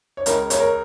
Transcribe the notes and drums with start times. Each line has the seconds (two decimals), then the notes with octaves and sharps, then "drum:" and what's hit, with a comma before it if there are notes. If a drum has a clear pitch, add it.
0.17 C#5
0.26 C#2 C#3 G#3 A#4, drum: hi-hat
0.50 C#5, drum: hi-hat
0.60 A#4